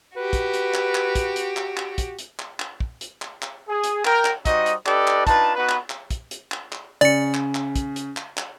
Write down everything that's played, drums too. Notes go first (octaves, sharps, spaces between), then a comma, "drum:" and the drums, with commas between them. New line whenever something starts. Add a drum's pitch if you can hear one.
F#4 G4 B4
drum: kick, hi-hat
drum: hi-hat
drum: clap
drum: clap
drum: kick, hi-hat
drum: hi-hat
drum: clap
drum: clap
drum: kick, hi-hat
drum: hi-hat
drum: clap
drum: clap
drum: kick
drum: hi-hat
drum: clap
drum: clap
G#4
drum: hi-hat
A#4 G5, drum: clap
drum: clap
G3 D#4 F#4 C5 D#5 D#6, drum: kick, hi-hat
drum: hi-hat
D4 G4 A4 B4 D5 D#5, drum: clap
drum: clap
D4 D#4 F4 B4 A5, drum: kick, hi-hat
B3 D#4 F#4 B4
drum: clap
drum: clap
drum: kick, hi-hat
drum: hi-hat
drum: clap
drum: clap
C#3 D5 C#7
drum: clap
drum: clap
drum: kick, hi-hat
drum: hi-hat
drum: clap
drum: clap